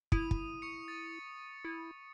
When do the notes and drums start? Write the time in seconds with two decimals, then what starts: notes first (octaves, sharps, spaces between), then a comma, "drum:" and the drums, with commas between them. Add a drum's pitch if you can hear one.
0.12 E4 D#6 D#7, drum: kick
0.31 drum: kick
0.62 C#6 C#7
0.88 A6
1.65 E4